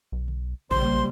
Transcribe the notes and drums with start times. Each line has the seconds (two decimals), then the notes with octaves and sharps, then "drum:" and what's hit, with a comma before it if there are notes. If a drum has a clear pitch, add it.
0.12 B1
0.28 drum: tom C#3
0.71 A#1 C#3 G3 A#3 C5 C6, drum: kick